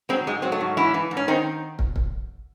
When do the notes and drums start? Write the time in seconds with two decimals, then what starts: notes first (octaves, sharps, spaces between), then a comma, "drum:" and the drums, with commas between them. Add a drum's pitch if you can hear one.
0.09 F#3 G#3 C4
0.27 G#2 G#3
0.42 F#3 C4
0.52 A3
0.61 G#2
0.77 E3 C#4 E4
0.94 E3
1.11 G#2
1.17 C#4
1.28 D#3 C4 D#4
1.79 drum: kick
1.96 drum: kick